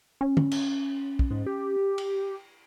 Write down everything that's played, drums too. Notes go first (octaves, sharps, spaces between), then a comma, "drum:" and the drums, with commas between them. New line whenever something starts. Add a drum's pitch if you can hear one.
C#4
drum: tom
drum: cymbal
drum: kick
G#2
G4
drum: cymbal